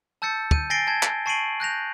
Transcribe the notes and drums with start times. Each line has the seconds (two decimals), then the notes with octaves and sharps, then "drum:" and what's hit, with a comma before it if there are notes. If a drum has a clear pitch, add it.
0.22 A5 E6 G6 A6 C#7
0.51 G6 D#7, drum: kick
0.70 G#5 A6 A#6 C7 D7 G7
0.87 A5 G#6
1.03 drum: clap
1.26 A5 C#6 C7 D7 D#7 F#7
1.60 F#6 G6 A#6 F7